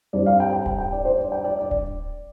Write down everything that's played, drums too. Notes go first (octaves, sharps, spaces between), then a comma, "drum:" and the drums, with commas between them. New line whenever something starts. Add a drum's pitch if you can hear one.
G2 G3 C4 D5
F5
G5
G5
G5, drum: kick D1
G5
D5
C5
D5
G5
D5
D5
drum: kick D1